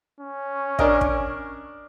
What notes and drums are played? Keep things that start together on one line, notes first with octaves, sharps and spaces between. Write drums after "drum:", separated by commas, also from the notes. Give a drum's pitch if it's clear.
C#4
D4 A#4 D#5, drum: kick
drum: kick